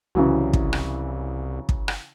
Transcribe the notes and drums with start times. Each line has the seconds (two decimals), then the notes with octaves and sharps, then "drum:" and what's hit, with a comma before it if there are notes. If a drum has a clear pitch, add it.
0.15 C2 C#3 E3 F#3
0.53 drum: kick
0.73 drum: rim click
1.69 drum: kick
1.88 drum: rim click